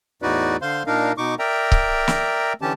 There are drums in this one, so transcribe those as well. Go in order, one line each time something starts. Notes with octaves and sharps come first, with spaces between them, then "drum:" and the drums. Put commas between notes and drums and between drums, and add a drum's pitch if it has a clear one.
E2 A2 D#4 F#4 B4 D5
D3 C5 F5 C6
A#2 D4 D#4 A#4 F5
B2 D#4 C#6 D6
A#4 D5 E5 G5 A#5
drum: kick C#1
drum: snare
D3 E3 C#4 G4 A5